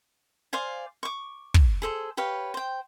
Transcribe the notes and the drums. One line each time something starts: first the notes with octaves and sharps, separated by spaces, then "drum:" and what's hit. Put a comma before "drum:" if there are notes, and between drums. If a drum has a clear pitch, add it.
C5 D5 F5 G#5
C#6 D6
drum: kick
G#4 A4 C5
G4 B4 C#5 F5
C5 G5